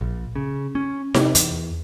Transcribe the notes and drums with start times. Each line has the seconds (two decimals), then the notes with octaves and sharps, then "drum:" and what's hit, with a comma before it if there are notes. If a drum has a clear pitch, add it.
0.01 A#1
0.36 C#3
0.75 C#4
1.14 C3, drum: snare D#4
1.35 E2, drum: hi-hat